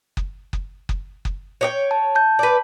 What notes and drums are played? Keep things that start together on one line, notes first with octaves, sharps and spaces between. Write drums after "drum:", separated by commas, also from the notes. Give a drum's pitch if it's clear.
drum: kick F#1
drum: kick F#1
drum: kick F#1
drum: kick F#1
C#5 D5 G5
A5
A5 G6
B4 D5